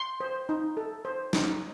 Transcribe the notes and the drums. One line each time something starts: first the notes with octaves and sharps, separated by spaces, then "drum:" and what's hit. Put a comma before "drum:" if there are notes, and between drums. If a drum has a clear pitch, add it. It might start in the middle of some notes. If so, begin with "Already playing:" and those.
Already playing: C6
C5
D#4
A4
C5
D#4, drum: snare